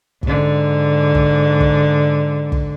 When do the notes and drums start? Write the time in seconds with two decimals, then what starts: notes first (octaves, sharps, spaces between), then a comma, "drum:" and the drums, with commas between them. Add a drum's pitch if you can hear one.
0.23 G#2 D3, drum: kick
1.14 drum: kick
1.60 drum: kick
2.52 drum: kick